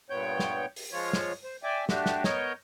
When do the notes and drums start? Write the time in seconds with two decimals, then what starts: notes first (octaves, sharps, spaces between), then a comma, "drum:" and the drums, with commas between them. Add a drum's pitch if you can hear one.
0.10 G2 A#2 B3 C#5 G5 G6
0.39 drum: snare
0.76 drum: open hi-hat
0.92 F3 G#3 F4 C#5
1.13 drum: snare
1.44 C5
1.63 D5 E5 G5 G#5 D6
1.89 A3 D4 F#4 G4, drum: snare
2.06 drum: snare
2.24 B3 A#4 C#5 D#5 G6, drum: snare